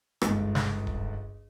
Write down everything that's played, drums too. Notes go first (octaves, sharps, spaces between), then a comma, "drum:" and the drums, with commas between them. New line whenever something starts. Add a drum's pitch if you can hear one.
G1 C#2 G#2, drum: rim click
drum: snare
drum: kick D#1